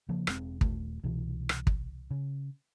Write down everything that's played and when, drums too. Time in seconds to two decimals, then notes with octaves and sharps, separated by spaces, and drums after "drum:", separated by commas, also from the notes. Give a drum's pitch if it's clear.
0.09 C#3 F3 A#3
0.27 E1 G#3 C4, drum: rim click
0.61 D#1 A3, drum: kick
1.04 C2 B2 E3
1.49 drum: rim click
1.67 drum: kick
2.11 C#3